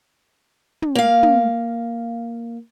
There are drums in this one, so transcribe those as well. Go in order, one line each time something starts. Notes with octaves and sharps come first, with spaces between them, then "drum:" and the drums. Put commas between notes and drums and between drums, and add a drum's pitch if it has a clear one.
drum: tom
A#3 F5
drum: tom